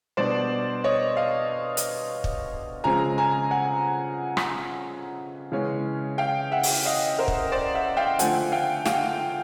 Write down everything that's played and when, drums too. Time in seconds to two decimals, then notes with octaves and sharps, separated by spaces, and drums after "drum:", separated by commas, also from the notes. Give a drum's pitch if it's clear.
0.17 B2 G3 B3 D4 C5 D5
0.84 C#5 D#5
1.17 D#5 F5
1.77 drum: hi-hat
2.24 drum: kick
2.84 C#3 F3 G#3 C4 G#5 A#5
3.18 G#5 A#5
3.51 F#5 G#5
4.37 drum: rim click
5.52 C#3 E3 G#3 C#4
6.18 F5 G5
6.51 E5 F#5
6.63 drum: open hi-hat
6.86 D#5 F5
7.19 A#4 C5
7.28 drum: kick
7.52 C5 D5
7.75 E5 F#5
7.97 F5 G5
8.19 D3 F3 A3 C4 F#5 G#5, drum: hi-hat
8.52 F5 G5
8.85 F5 G5, drum: snare